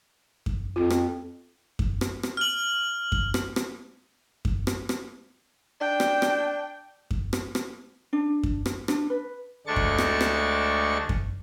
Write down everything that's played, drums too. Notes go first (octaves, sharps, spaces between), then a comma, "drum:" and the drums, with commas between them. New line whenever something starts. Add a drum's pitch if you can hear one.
drum: kick F#2
F2 F4
drum: rim click
drum: kick F#2
drum: rim click
drum: rim click
F6 F#7
drum: kick F#2
drum: rim click
drum: rim click
drum: kick F#2
drum: rim click
drum: rim click
D4 G5
drum: rim click
drum: rim click
drum: kick F#2
drum: rim click
drum: rim click
D4
drum: kick F#2
drum: rim click
D4, drum: rim click
B4
D2 G#3 A3 D4 C#6 A6
drum: kick F#2
drum: rim click
drum: rim click
drum: kick F#2